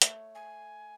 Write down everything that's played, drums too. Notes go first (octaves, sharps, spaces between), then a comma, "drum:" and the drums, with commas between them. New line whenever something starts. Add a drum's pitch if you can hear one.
A3 C#5, drum: hi-hat
G#5